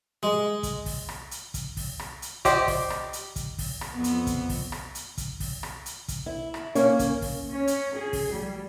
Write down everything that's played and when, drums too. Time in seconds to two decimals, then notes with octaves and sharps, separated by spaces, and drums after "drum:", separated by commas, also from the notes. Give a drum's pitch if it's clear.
0.23 G#3
0.63 drum: kick, hi-hat
0.86 drum: kick, open hi-hat
1.09 drum: rim click
1.31 drum: hi-hat
1.54 drum: kick, hi-hat
1.77 drum: kick, open hi-hat
1.99 drum: rim click
2.22 drum: hi-hat
2.45 G4 C5 D5 D#5 G5, drum: kick, hi-hat
2.68 drum: kick, open hi-hat
2.90 drum: rim click
3.13 drum: hi-hat
3.36 drum: kick, hi-hat
3.59 drum: kick, open hi-hat
3.81 drum: rim click
3.92 F2 B3
4.04 drum: hi-hat
4.27 drum: kick, hi-hat
4.49 drum: kick, open hi-hat
4.72 drum: rim click
4.95 drum: hi-hat
5.18 drum: kick, hi-hat
5.40 drum: kick, open hi-hat
5.63 drum: rim click
5.86 drum: hi-hat
6.08 drum: kick, hi-hat
6.26 E4
6.54 drum: rim click
6.75 A#3 C#4, drum: hi-hat
6.99 drum: kick, hi-hat
7.22 drum: kick, open hi-hat
7.51 C#4
7.67 drum: hi-hat
7.95 G#4
8.13 drum: kick, open hi-hat
8.31 G3